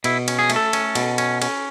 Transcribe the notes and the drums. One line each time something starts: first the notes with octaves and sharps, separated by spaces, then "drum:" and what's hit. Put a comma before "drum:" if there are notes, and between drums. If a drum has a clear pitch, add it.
B2 E4, drum: cymbal
C#4, drum: cymbal
G#4
A3, drum: cymbal
A4
C#4, drum: cymbal
B2, drum: cymbal
C#4, drum: cymbal
C#4, drum: cymbal